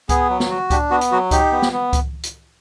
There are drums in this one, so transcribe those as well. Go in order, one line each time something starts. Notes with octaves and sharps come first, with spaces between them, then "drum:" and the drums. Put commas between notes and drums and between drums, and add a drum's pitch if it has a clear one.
B3 G#4, drum: kick C#2, hi-hat
F#3
drum: snare
F#4
D4 G4, drum: kick C#2, hi-hat
B3 F#4
drum: hi-hat
F#3 F#4
D#4 G4, drum: kick C#2, hi-hat
B3
drum: snare
B3
drum: kick C#2, hi-hat
drum: hi-hat